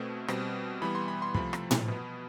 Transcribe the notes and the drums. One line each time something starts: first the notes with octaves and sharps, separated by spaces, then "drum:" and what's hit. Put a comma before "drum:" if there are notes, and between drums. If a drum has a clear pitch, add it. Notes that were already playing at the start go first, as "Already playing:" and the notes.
Already playing: B2 A3 C4
B2 G3 C4, drum: rim click
E3 G3 B3 B5
C6
B5
C6
C3 F3 A3 B5, drum: kick
drum: rim click
drum: tom A2
B2 B3